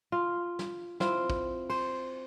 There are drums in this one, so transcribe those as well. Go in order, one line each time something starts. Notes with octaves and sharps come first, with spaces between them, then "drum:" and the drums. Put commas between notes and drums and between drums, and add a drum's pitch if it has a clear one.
F4
drum: snare
C4 E4 F4, drum: snare
drum: kick
C5, drum: cymbal